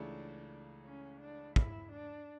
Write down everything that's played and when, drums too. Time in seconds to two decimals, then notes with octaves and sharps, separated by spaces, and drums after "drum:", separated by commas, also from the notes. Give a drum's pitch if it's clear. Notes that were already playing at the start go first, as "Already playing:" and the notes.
Already playing: C#2 C#3 E3 A3 D4
0.85 C#4
1.20 D4
1.56 E4, drum: kick
1.92 D4